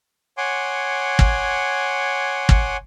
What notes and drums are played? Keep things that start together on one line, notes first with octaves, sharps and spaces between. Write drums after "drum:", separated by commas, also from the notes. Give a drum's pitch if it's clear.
C#5 F#5 G#5 C6 D6
drum: kick
drum: kick